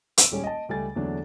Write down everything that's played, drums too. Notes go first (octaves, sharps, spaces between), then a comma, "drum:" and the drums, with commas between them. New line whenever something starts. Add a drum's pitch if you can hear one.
E6 D7, drum: hi-hat
D#1 G3 G#3 C#4 G#5
D#5 A5
C#2 G3 A3 G#5 A6
E2 D3 F#3 A3 D4